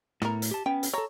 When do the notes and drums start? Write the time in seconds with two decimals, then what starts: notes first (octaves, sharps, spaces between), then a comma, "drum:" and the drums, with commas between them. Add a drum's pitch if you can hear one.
0.22 A2 B3 A#4, drum: rim click
0.42 drum: hi-hat
0.51 G4 A5
0.66 B3 C#4 G5
0.83 drum: hi-hat
0.94 A4 C#5 A#5